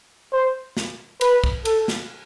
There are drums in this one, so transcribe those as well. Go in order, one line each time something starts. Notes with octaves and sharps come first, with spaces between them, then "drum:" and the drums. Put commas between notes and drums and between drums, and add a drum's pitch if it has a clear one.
C5
drum: snare
B4, drum: cymbal
drum: kick
A4, drum: cymbal
drum: snare